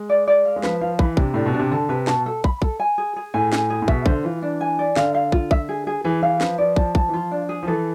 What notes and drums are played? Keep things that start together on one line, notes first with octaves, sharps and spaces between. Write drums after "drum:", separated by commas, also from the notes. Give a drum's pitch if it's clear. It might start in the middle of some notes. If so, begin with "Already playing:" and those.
Already playing: G#3
D5
D5
F5
G#3
F3 B4, drum: snare
F3 F5
E3 B5, drum: kick
C3 D4, drum: kick
A2 D4
B2
D4
C3
D3 A5
C3 B4
B2 A5, drum: snare
A4
B5, drum: kick
A4, drum: kick
G#5
G#4
G#4
A2 G#5
G#5, drum: snare
G#4
A2
B2 E5, drum: kick
D3 C5, drum: kick
E3 F4
D4
G#5
D5
D3 F5, drum: snare
F5
F4, drum: kick
E5, drum: kick
G#4
G#4
E3 G#4
E3 F5
F3 B4, drum: snare
F3 D5
F3 A5, drum: kick
F3 A5, drum: kick
E3
F3 F4
D4
G#4
F3
E3 A4